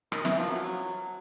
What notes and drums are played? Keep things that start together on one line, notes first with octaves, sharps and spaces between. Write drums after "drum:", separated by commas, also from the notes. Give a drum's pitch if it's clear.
D#3, drum: rim click
E3, drum: snare
F3
F#3